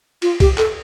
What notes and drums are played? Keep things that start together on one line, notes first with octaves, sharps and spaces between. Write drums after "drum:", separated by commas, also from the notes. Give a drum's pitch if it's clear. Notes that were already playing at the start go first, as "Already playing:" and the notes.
F4, drum: cymbal
G4, drum: kick C2, cymbal
A4, drum: clap